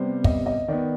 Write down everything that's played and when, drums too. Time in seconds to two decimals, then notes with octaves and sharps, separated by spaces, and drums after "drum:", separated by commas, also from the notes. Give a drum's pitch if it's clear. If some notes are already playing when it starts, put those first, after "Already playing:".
Already playing: C3 G3 B3 C5
0.24 D#5, drum: kick
0.46 D#5
0.68 D#3 B3 D5